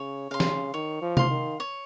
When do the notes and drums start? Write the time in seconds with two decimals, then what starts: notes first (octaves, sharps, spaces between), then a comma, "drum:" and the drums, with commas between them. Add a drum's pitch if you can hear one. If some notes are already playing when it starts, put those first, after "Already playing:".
Already playing: C#3 C#5
0.31 C#3 F5 C6
0.40 drum: snare
0.74 D#3 C#5
1.02 F3
1.17 F5 C6, drum: tom
1.31 D#3
1.60 C#5